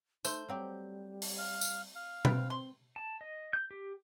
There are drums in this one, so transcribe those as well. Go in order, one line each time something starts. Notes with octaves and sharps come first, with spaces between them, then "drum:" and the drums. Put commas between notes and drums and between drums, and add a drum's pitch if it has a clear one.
A3 D#4 C5, drum: tambourine
F#3 G3 C4 G4
drum: open hi-hat
F5
drum: tambourine
F5
C4 B4 G5, drum: tom B2
C6
A5
D#5
G6
G4